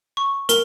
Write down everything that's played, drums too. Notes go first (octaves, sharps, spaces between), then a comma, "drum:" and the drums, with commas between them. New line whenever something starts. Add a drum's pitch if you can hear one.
C#6
A#4, drum: hi-hat